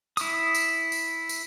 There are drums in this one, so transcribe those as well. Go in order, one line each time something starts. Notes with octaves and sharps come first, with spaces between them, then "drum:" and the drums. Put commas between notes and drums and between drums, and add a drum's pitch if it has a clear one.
E4 D#6, drum: tambourine
drum: tambourine
drum: tambourine
drum: tambourine